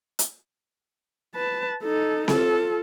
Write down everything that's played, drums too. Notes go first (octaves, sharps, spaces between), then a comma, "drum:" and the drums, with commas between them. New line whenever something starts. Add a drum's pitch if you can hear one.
drum: hi-hat
B4 A5
D#4 A4
F4 A4, drum: snare C4